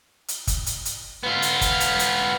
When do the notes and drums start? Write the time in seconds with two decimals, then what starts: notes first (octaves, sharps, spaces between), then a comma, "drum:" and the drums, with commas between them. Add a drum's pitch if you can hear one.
0.28 drum: hi-hat
0.47 drum: kick, hi-hat
0.66 drum: hi-hat
0.85 drum: hi-hat
1.23 B3 F4
1.42 drum: hi-hat
1.61 drum: kick, hi-hat
1.80 drum: hi-hat
1.99 drum: hi-hat